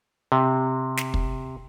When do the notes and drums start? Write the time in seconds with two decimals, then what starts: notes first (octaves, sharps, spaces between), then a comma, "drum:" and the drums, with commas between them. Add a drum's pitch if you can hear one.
0.32 C3
0.97 drum: snare
1.14 drum: kick